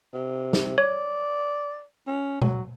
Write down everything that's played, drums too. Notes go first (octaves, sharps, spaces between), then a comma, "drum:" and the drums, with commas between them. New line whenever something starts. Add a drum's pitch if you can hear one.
C3
drum: snare
C#5 D5
C#4
F#3, drum: tom B2